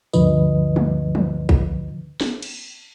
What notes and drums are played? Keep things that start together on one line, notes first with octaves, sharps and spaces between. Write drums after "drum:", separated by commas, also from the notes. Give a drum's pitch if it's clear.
D2 G2 D3 F3 B4 D#5, drum: tambourine
drum: tom
drum: tom
drum: kick A#1
drum: snare
drum: cymbal